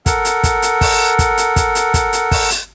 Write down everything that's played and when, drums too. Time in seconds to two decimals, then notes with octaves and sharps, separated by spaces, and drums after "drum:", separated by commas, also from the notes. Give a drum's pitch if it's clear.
0.06 A4 A#4 F#5, drum: kick, hi-hat
0.25 drum: hi-hat
0.43 drum: kick, hi-hat
0.62 drum: hi-hat
0.81 drum: kick, open hi-hat
1.19 drum: kick, hi-hat
1.37 drum: hi-hat
1.56 drum: kick, hi-hat
1.75 drum: hi-hat
1.94 drum: kick, hi-hat
2.13 drum: hi-hat
2.31 drum: kick, open hi-hat
2.50 drum: hi-hat